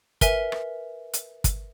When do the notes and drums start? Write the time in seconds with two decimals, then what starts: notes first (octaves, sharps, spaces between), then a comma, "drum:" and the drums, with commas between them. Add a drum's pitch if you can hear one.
0.21 A#4 B4 E5 G#5, drum: kick, hi-hat
0.52 drum: rim click
1.13 drum: hi-hat
1.44 drum: kick, hi-hat